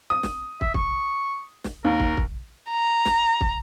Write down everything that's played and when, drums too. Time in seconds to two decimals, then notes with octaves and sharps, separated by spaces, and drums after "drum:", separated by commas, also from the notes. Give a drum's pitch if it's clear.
0.10 D#6
0.23 drum: snare
0.61 E5, drum: kick
0.74 C#6, drum: kick
1.64 drum: snare
1.85 D#2 A#4
2.00 drum: kick
2.17 drum: kick
2.70 A#5
3.05 drum: snare
3.41 drum: kick